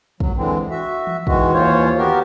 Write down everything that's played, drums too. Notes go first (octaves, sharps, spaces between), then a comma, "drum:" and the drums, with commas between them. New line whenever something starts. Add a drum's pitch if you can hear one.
F#3, drum: kick
D3 E3 G#3 C4
F#4 E5
drum: tom E3
D#3 E3 G#3 F#4, drum: kick
D#2 E3 F4 C5 C#5
B3 F#4 G4 A#4